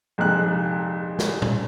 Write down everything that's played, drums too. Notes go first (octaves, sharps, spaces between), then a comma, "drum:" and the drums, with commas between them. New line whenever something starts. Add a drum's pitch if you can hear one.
A#1 F2 G#2 C3 F#6
drum: snare
drum: tom A#2